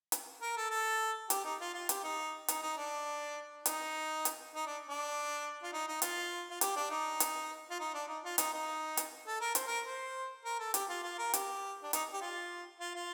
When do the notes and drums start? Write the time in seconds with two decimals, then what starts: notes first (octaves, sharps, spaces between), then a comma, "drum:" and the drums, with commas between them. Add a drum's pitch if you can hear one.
0.12 drum: hi-hat
0.42 A#4
0.57 A4
0.70 A4
1.30 G4, drum: hi-hat
1.45 D#4
1.60 F4
1.74 F4
1.89 G4, drum: hi-hat
2.04 D#4
2.48 D#4, drum: hi-hat
2.62 D#4
2.77 D4
3.66 D#4, drum: hi-hat
4.25 drum: hi-hat
4.55 D#4
4.66 D4
4.89 D4
5.63 F4
5.73 D#4
5.88 D#4
6.02 F4, drum: hi-hat
6.50 F4
6.61 G4, drum: hi-hat
6.76 D4
6.90 D#4
7.20 drum: hi-hat
7.70 F4
7.80 D#4
7.94 D4
8.08 D#4
8.24 F4
8.38 D#4, drum: hi-hat
8.53 D#4
8.97 drum: hi-hat
9.27 A4
9.41 A#4
9.55 C5, drum: hi-hat
9.67 A#4
9.86 C5
10.45 A#4
10.60 A4
10.74 G4, drum: hi-hat
10.89 F4
11.03 F4
11.18 A#4
11.34 G4, drum: hi-hat
11.83 D4
11.93 D#4, drum: hi-hat
12.13 G4
12.21 F4
12.80 F4
12.95 F4